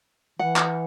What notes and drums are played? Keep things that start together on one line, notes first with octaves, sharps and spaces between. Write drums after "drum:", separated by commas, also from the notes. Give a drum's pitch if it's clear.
E3 F#5
drum: clap